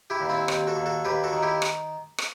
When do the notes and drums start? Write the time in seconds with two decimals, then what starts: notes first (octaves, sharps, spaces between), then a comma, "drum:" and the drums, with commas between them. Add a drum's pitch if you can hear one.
0.10 E4 G4
0.21 D#2
0.29 C4 E4
0.48 D#2 C4, drum: rim click
0.67 F#4 A4
0.77 D#2
0.86 F#4 A4
1.05 D#2 G4 B4
1.24 F#4 A4
1.33 D#3
1.42 E4 G4
1.62 drum: rim click
2.18 drum: rim click